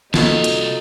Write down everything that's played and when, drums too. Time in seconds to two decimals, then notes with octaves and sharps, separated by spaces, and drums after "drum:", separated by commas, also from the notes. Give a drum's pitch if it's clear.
0.14 C2 A#3 C4 D#4 F4 F#4 A4 A5, drum: snare
0.44 drum: hi-hat